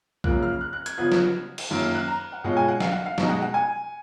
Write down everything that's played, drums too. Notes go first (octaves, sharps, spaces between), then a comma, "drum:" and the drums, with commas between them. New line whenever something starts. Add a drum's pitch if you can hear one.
F#2 C#3 F3 A#3 F4 F#6, drum: kick B1
F6
F#6
F#6
G#6, drum: hi-hat
C#3 F3 B3 F4 G#6
drum: snare
drum: cymbal
F#2 D#3 F#3 A#3 F4
F6
F#6
A#5
F#5
B2 G#3 C#4 F4 F#5
G#5
F#5
F5, drum: snare
F#5
F5
B2 G#3 D#4, drum: snare
F#5
F#5
G#5